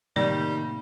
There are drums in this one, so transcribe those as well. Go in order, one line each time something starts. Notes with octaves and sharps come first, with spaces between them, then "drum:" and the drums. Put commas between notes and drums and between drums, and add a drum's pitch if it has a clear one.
A2 C3 D#3 G3 A#3 D5, drum: tom F#3